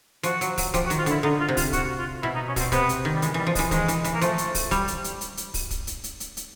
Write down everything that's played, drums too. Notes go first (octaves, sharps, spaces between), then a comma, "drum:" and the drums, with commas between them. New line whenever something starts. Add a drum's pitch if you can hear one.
F3 F#4, drum: hi-hat
F#3, drum: hi-hat
F#3, drum: kick, open hi-hat
F3 G4, drum: kick, hi-hat
F#4
D#3, drum: hi-hat
F4
D3 E4, drum: hi-hat
D3 D#4
F4
C3
F4, drum: kick, open hi-hat
F#4, drum: kick, hi-hat
F4
B2 E4
D#4
C#4
B2 C4, drum: kick, open hi-hat
C3 B3, drum: kick, hi-hat
drum: hi-hat
D#3
G3
E3 G#3, drum: hi-hat
E3 G3
F3
G#3, drum: kick, open hi-hat
E3
D#3 G#3, drum: kick, hi-hat
E3, drum: hi-hat
E3, drum: hi-hat
A#3
F3 A3, drum: hi-hat
drum: hi-hat
drum: kick, open hi-hat
G3, drum: kick, hi-hat
drum: hi-hat
drum: hi-hat
drum: hi-hat
drum: hi-hat
drum: kick, open hi-hat
drum: kick, hi-hat
drum: hi-hat
drum: hi-hat
drum: hi-hat
drum: hi-hat